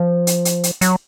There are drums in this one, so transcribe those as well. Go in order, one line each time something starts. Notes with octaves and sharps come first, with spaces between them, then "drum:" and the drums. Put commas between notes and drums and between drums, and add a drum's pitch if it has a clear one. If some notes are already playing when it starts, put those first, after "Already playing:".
Already playing: F3
drum: hi-hat
drum: hi-hat
drum: hi-hat
F#3, drum: hi-hat